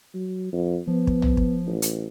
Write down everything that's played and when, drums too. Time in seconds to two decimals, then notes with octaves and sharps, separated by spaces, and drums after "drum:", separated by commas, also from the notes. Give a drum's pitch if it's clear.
0.14 F#3
0.52 F2
0.87 F3 B3
1.07 drum: kick
1.22 drum: tom
1.37 drum: kick
1.67 A1
1.82 drum: hi-hat